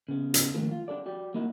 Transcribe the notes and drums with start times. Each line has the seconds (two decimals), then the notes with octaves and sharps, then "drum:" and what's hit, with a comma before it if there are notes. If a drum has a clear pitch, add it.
0.09 C#3 B3
0.34 drum: hi-hat
0.54 G#2 D#3 F3 A3 A#3
0.71 F4
0.88 D4 G4 A4 D5
1.06 F#4 G4 D5
1.34 A#3 D#4 E4 F#4